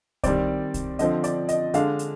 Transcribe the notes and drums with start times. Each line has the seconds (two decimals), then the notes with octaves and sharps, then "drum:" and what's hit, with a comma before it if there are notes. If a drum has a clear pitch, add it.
0.24 D#3 G3 C4 D5, drum: kick, hi-hat
0.74 drum: kick, hi-hat
0.99 D3 F3 C4 D#5, drum: hi-hat
1.24 D5, drum: hi-hat
1.49 D#5, drum: hi-hat
1.74 D3 G#3 D4 F5, drum: hi-hat
1.99 drum: hi-hat